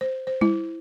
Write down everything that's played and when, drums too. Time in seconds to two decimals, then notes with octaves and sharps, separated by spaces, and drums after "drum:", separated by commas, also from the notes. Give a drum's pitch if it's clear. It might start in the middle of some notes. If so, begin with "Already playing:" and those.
0.01 C5
0.27 C5
0.41 E4, drum: tom G3